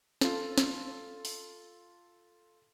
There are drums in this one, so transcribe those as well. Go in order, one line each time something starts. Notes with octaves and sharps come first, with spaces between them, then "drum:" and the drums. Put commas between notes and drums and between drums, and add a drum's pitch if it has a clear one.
F4 A4, drum: snare
drum: snare
drum: open hi-hat